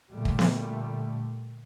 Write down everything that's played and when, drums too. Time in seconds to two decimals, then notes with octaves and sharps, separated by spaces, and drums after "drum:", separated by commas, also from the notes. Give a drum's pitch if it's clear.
0.12 A#2 D3 G3 A3
0.25 drum: kick
0.39 drum: snare B3